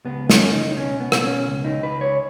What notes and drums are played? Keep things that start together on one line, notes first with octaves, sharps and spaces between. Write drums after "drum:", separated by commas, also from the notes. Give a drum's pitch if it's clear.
C#2 B3
C#4, drum: snare
C#2
D#4
D#4
B2 C#4
B3
B2, drum: rim click
C#4
C#2
D#4
C#2 B4
C#5